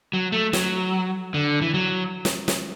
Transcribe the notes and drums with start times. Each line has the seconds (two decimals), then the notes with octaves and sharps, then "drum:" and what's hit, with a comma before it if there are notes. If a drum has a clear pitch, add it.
0.13 F#3
0.32 A3
0.53 F#3, drum: snare
1.34 D3
1.62 E3
1.74 F#3
2.25 drum: snare
2.48 drum: snare